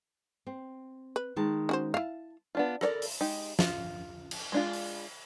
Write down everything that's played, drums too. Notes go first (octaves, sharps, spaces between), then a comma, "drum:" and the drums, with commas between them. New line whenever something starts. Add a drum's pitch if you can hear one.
C4
B4
D#3 G#3 A5
C#4 F#4 C5
E4 F5 A5
B3 D4 F4
A4 A#4 C#5 D5, drum: rim click
drum: open hi-hat
G#3 D#4 G4
F4, drum: snare
drum: cymbal
G#3 D4 F4
drum: open hi-hat